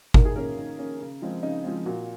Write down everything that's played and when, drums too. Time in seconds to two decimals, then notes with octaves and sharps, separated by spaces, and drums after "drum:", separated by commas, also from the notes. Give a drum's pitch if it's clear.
0.14 D#3 A#4, drum: kick G1
0.25 G#4
0.36 A#3 C#4 A#4
0.57 D#3
0.78 A#3 C#4
1.01 C#3
1.22 F3 G#3 C4
1.43 C#3 D#4
1.64 F3 G#3 C4
1.86 A#2 F#4